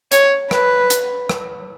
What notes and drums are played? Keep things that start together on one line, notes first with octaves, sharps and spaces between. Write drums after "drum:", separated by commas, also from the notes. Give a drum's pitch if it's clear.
C#5, drum: hi-hat
B4, drum: rim click
drum: hi-hat
drum: rim click